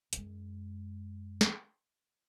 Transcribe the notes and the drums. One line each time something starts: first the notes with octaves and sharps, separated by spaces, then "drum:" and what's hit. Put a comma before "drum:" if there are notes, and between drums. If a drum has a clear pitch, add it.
F#2 G#3, drum: hi-hat
drum: snare